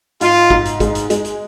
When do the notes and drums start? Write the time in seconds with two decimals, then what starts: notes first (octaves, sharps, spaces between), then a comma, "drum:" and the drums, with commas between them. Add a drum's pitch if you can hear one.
0.21 G#2 F4, drum: hi-hat
0.50 G#2, drum: kick
0.65 drum: hi-hat
0.80 G#3, drum: kick, hi-hat
0.95 drum: hi-hat
1.10 G#3, drum: hi-hat
1.25 drum: hi-hat